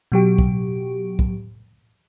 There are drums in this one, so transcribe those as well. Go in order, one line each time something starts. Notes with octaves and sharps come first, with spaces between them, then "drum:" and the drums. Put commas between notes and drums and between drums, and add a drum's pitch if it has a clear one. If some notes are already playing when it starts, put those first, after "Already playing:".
B2 F#3 G4
drum: kick
drum: kick